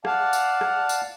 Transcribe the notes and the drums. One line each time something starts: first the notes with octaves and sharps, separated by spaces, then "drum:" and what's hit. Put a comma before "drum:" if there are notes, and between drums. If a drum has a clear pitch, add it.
D5 F5 F#5 A5, drum: rim click
drum: tambourine
drum: rim click
drum: tambourine